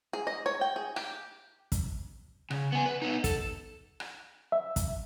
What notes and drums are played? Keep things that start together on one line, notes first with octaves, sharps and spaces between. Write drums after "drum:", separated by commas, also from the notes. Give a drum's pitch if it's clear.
G#4
D#5
C#5
G5
G#4
G4, drum: rim click
drum: kick, hi-hat
C#3, drum: rim click
B3 G#5
B4
B3 D#4
A4, drum: kick, hi-hat
drum: rim click
E5
drum: kick, hi-hat